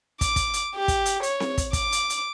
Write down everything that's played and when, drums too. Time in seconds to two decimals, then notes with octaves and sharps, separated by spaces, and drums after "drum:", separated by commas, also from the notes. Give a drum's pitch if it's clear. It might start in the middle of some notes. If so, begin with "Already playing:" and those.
0.21 D6, drum: kick, hi-hat
0.36 drum: kick, hi-hat
0.53 drum: hi-hat
0.75 G4
0.88 drum: kick, hi-hat
1.06 drum: hi-hat
1.23 C#5, drum: hi-hat
1.40 drum: snare C4
1.58 drum: kick, hi-hat
1.73 D6, drum: kick, hi-hat
1.92 drum: hi-hat
2.10 drum: hi-hat